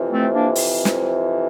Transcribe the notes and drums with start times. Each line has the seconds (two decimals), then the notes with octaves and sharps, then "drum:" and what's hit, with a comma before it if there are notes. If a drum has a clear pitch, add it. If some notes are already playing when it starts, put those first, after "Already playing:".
Already playing: F2 C3 E3
0.11 A3 C4
0.33 A#3 D4
0.55 drum: open hi-hat
0.85 drum: snare